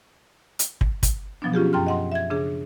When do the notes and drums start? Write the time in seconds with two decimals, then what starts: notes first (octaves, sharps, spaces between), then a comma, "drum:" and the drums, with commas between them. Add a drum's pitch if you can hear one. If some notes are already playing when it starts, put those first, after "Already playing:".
0.59 drum: hi-hat
0.81 drum: kick
1.03 drum: kick, hi-hat
1.42 B2 F3 F#3 B3 D4
1.53 C#4 F4 G4 G#4
1.73 F#2 G5 C6 F6
1.86 D#5 F#5 C6
2.12 E5 G#6
2.30 C#3 D4 G#4